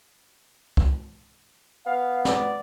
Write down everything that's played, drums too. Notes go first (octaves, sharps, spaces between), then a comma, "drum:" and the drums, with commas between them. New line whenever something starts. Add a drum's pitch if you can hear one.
drum: kick
B3 F5
D5, drum: snare